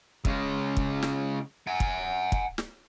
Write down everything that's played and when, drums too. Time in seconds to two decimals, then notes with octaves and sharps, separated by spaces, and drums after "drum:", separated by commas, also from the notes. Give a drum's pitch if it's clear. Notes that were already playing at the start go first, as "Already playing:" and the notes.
0.25 C#3 G#3, drum: kick
0.77 drum: kick
1.03 drum: snare
1.67 F#5 G#5
1.80 drum: kick
2.32 drum: kick
2.58 drum: snare